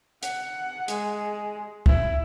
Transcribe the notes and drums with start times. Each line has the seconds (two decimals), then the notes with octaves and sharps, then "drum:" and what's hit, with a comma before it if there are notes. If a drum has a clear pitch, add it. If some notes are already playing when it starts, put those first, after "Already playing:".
0.23 F#5, drum: hi-hat
0.88 G#3, drum: hi-hat
1.86 E4, drum: kick C#2